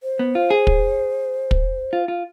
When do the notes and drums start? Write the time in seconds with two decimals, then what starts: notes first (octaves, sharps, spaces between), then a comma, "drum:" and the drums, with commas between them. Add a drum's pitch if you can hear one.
0.03 C5
0.19 B3
0.35 F4
0.50 G#4
0.67 drum: kick
1.51 drum: kick
1.93 F4
2.08 F4